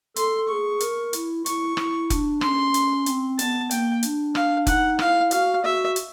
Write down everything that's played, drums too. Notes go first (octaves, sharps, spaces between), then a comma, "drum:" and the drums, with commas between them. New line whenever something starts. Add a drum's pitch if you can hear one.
A4 C6, drum: hi-hat
G#4 C#6
A#4, drum: hi-hat
E4, drum: hi-hat
E4 C#6, drum: hi-hat
E4, drum: rim click
D4, drum: kick F1, hi-hat
C#4 C6, drum: rim click
drum: hi-hat
C4, drum: hi-hat
B3 A5, drum: hi-hat
A#3 G5, drum: hi-hat
D4, drum: hi-hat
F5, drum: rim click
D#4 F#5, drum: kick F1, hi-hat
E4 F5, drum: rim click
F#4 F5, drum: hi-hat
F#4 E5
drum: hi-hat